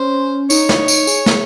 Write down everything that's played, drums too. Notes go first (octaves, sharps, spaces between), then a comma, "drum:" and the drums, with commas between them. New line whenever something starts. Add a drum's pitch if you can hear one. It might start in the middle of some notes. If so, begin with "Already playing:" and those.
Already playing: C#4 C5
D#4 C#5, drum: tambourine
drum: snare
D#4
drum: tambourine
G#4, drum: tambourine
drum: snare